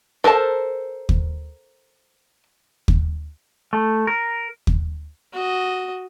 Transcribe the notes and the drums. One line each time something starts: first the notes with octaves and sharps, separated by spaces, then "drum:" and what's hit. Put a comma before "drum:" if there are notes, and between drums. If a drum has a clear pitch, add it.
A4 A#4 C5 A5
drum: kick
drum: kick
A3
A#4
drum: kick
F#4 D#5